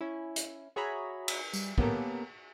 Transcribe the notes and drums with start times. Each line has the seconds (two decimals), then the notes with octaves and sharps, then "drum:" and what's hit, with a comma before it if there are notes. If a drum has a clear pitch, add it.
0.01 C#4 E4
0.36 drum: hi-hat
0.76 F#4 G#4 C#5 E5 A#5 B5
1.28 drum: cymbal
1.53 G3, drum: tambourine
1.78 A#3 B3 C#4 G4 A4 A#4, drum: kick